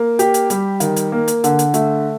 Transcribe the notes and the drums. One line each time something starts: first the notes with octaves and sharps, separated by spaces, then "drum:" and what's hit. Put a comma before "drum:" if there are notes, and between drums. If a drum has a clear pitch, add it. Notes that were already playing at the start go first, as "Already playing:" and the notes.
Already playing: A#3
G4, drum: hi-hat
drum: hi-hat
G3, drum: hi-hat
D#3, drum: hi-hat
drum: hi-hat
A#3
drum: hi-hat
D3, drum: hi-hat
drum: hi-hat
A3, drum: hi-hat